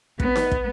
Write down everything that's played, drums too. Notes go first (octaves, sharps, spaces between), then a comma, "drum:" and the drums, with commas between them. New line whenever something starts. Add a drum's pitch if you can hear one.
B3, drum: kick
drum: snare D#4
drum: kick